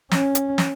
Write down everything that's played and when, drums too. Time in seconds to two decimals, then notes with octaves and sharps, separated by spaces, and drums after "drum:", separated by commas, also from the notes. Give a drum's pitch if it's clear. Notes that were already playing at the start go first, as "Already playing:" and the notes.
0.11 C#4, drum: snare
0.35 drum: hi-hat
0.58 drum: snare